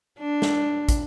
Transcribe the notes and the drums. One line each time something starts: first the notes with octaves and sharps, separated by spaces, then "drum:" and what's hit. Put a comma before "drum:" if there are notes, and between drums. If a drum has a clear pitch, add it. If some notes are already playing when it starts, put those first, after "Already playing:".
D4
drum: snare
drum: kick, hi-hat